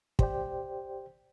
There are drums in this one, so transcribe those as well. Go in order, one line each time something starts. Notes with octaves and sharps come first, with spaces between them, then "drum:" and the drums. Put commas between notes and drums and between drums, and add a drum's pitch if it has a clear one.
G4 C5 D5 G5, drum: kick